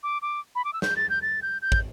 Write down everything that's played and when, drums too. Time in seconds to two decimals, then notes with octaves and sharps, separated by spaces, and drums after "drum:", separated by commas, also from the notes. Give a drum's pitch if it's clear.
0.03 D6
0.22 D6
0.55 B5
0.65 D6
0.73 E6
0.82 G6, drum: snare
0.96 A6
1.10 G6
1.22 A6
1.42 G6
1.62 G6
1.72 drum: kick